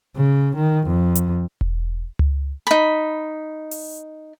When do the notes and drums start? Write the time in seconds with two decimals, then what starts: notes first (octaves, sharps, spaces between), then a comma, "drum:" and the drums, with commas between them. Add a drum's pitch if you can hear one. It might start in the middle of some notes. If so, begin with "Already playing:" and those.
0.16 C#3
0.56 D#3
0.87 F2
1.15 drum: hi-hat
1.61 drum: kick E1
2.19 drum: tom C#2
2.67 D#4 B5
3.71 drum: open hi-hat